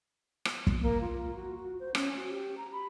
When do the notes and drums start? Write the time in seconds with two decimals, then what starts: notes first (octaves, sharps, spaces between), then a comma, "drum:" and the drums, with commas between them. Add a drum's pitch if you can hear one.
0.45 drum: rim click
0.67 drum: kick
0.81 A#3
1.01 F4
1.35 F#4
1.56 F#4
1.80 C5
1.95 C#4, drum: rim click
2.17 F#4
2.30 G4
2.57 A#5
2.72 B5